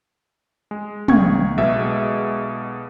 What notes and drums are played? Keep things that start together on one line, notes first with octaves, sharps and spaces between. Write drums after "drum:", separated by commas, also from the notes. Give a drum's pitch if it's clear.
G#3
C#2 C#6 G#6, drum: tom
B1 B2 G#3 E5